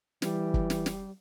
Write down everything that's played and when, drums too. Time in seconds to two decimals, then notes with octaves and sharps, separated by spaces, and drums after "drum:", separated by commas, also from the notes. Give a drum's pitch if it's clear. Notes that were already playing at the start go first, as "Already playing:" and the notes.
0.22 E3 G3, drum: snare
0.54 drum: kick
0.70 drum: snare
0.86 drum: snare